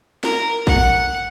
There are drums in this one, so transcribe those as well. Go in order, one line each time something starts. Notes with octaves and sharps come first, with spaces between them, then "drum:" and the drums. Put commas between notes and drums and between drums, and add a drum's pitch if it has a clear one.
A#4, drum: snare
F#5, drum: kick